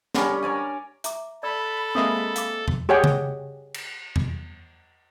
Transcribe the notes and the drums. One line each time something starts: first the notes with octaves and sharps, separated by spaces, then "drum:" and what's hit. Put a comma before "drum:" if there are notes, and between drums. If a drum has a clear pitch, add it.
D3 G3 C#4 A#4, drum: snare
A#4 C#5 D5 G#5
E5 A#5 D6, drum: hi-hat
A4 D5 B5 E6
G#3 A#3 C4 G#4 E5 D#6
F5 D6, drum: hi-hat
drum: tom E2
G4 G#4 C#5 F#5 G5
drum: tom C#3
drum: cymbal
drum: tom E2